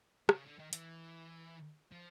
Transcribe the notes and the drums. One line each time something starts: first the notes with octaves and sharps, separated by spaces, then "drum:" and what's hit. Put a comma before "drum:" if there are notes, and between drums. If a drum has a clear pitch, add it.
D3, drum: rim click
C#3
D3
D#3
E3, drum: hi-hat
F3